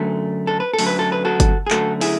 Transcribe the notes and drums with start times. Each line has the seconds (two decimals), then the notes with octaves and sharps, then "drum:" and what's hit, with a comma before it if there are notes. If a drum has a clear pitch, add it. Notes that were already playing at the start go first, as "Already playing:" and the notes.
Already playing: F#2 D3 A3
0.47 A4
0.60 B4
0.73 A4
0.79 F#2 D3 A3, drum: open hi-hat
0.86 B4
0.99 A4
1.12 B4
1.25 F#4 A4
1.40 drum: kick G1, hi-hat
1.66 G#4
1.70 F#2 D3 A3 F#4 A4, drum: clap
2.01 E4 G#4, drum: open hi-hat